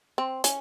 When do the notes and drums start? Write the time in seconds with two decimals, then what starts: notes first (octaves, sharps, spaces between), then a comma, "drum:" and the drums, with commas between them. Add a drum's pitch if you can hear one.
0.18 C4
0.44 C#4, drum: hi-hat